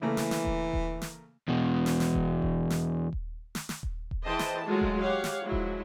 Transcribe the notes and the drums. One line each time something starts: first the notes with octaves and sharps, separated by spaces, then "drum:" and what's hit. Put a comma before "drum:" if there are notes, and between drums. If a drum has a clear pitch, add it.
C#3 E3 A3 A#3
drum: snare
drum: snare
drum: kick D#1
drum: kick D#1
drum: snare
E2 B2
drum: snare
drum: snare
drum: kick D#1
drum: kick D#1
drum: snare
drum: kick D#1
drum: snare
drum: snare
drum: kick D#1
drum: kick D#1
E3 G#4 C5 D#5 G5 A5
drum: snare
F#3 G#3 A3 F4 F#4
drum: kick D#1
G4 C#5 F5 F#5
drum: snare
F3 F#3 G#3 E4
drum: kick D#1